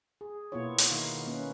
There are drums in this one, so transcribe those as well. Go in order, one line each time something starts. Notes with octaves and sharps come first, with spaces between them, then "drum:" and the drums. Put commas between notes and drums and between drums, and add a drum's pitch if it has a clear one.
G#4
B2 A#3 B3 E4 F4 C#5
drum: hi-hat
D#3 D#4 F5
A#3 B3 C#4 B4